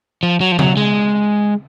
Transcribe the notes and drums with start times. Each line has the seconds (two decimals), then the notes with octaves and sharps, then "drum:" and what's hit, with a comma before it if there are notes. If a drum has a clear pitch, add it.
0.23 F3
0.41 F#3
0.52 F3
0.59 F#3, drum: tom C#3
0.77 G#3